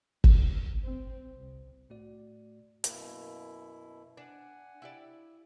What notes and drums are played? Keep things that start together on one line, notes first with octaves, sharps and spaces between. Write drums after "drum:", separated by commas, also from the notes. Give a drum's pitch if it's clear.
A#1, drum: kick
C4
C2
A2 A3 F#4 D5
F#2 B2 A#3 E4, drum: hi-hat
D4 F#5 G#5
E4 G4 D5